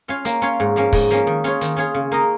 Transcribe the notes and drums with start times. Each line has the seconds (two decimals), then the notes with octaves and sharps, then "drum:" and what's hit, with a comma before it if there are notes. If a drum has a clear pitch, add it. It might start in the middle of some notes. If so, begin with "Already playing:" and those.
0.08 C#4 F4 C#5 F5
0.25 A#3, drum: hi-hat
0.42 C#4 F4 C#5 F5
0.60 G#2
0.76 F3 A#3 C#4
0.93 G#2, drum: kick, open hi-hat
1.11 F3 A#3 C#4
1.27 D#3
1.44 C#4 F4 G#4 C#5
1.61 D#3, drum: hi-hat
1.76 C#4 F4 G#4 C#5
1.94 C#3
2.11 A#3 D#4 A#4 D#5